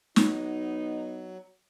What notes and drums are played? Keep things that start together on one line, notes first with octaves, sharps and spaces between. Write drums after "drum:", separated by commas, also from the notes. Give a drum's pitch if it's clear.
F#3 B3 D#4, drum: snare